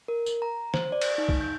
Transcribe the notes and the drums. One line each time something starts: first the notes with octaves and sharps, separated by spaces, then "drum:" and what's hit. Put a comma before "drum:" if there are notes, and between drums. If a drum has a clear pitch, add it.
A#4
drum: tambourine
A#5
C5, drum: snare
D5
drum: cymbal
D#4
drum: kick
G6